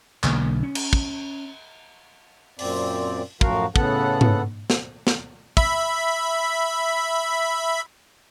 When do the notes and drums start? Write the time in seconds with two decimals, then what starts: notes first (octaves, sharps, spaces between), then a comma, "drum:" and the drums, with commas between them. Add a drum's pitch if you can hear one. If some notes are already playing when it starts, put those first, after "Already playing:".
0.23 B1 D3 G3 A#3, drum: clap
0.63 C#4
0.75 drum: cymbal
0.93 drum: kick
2.59 F#2 A#2 C4 D5, drum: open hi-hat
3.41 F#2 A2 F3 F#4 A#4 F5, drum: kick
3.76 A2 C#3 B3 A4 F#5, drum: kick
4.21 drum: tom G#2
4.70 drum: snare
5.07 drum: snare
5.57 E5 B5, drum: kick